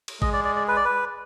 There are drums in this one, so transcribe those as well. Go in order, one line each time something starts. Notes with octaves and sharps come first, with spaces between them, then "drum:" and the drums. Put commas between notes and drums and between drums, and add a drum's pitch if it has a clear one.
drum: cymbal
G#3 D#5, drum: kick A1
D5
D5
D5
B4
D5
B4